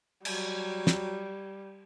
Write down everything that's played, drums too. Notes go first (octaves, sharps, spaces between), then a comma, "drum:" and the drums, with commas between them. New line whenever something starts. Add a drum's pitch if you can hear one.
F#3 G3, drum: cymbal
drum: snare